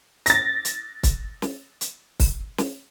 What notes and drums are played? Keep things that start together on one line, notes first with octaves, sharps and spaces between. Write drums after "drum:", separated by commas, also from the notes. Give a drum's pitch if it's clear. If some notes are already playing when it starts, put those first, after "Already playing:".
A6 A#6, drum: hi-hat
drum: hi-hat
drum: kick, hi-hat
drum: snare
drum: hi-hat
drum: kick, open hi-hat
drum: snare